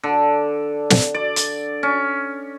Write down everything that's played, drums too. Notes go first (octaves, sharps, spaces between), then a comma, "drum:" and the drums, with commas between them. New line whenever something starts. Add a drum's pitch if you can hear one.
D3
drum: snare
D5
drum: hi-hat
C#4